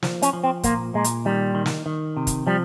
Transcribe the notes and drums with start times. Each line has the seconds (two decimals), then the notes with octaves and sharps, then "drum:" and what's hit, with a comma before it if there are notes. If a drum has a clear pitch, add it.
0.03 F3, drum: snare
0.22 C#4, drum: hi-hat
0.33 F3
0.44 C4
0.63 A#2 A#3, drum: kick, hi-hat
0.94 A#2 G#3
1.04 drum: hi-hat
1.25 D#3 G3
1.55 D#3
1.66 drum: snare
1.86 D#3
2.17 C3
2.27 drum: kick, hi-hat
2.47 F3 G3